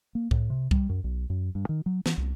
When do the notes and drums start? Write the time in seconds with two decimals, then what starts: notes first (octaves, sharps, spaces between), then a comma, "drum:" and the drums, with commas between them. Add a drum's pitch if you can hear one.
0.15 A#3
0.31 A2, drum: kick C2
0.50 C3
0.71 G3, drum: kick C2
0.89 F#2
1.04 B1
1.30 F#2
1.55 G2
1.69 D#3
1.86 F#3
2.06 E3, drum: snare
2.18 C2